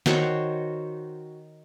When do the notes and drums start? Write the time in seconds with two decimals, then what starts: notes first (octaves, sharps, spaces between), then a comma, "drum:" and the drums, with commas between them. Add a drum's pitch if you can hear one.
0.06 D#3 F#4 C5 C#5, drum: snare